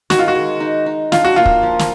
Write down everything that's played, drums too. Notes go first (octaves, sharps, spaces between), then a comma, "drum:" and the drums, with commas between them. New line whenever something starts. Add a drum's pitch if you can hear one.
D#3 F#4, drum: snare
F4
F#4
G#3
D#4
D#4
D4 F4, drum: snare
F#4
A#3 F4
drum: kick
F3
drum: snare